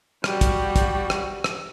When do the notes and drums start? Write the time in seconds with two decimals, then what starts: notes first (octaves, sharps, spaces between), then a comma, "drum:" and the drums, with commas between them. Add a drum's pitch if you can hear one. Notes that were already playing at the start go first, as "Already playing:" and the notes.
0.24 G3 F#4, drum: rim click
0.41 drum: kick, hi-hat
0.76 drum: kick, hi-hat
1.10 drum: rim click
1.44 drum: rim click